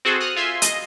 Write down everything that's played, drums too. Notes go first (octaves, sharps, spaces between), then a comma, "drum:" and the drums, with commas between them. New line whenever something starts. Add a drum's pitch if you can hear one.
C4 F#4 G#4 A4 C5
D#6 F6 F#6
F4 E5 G#5 C6 E6
D#5, drum: hi-hat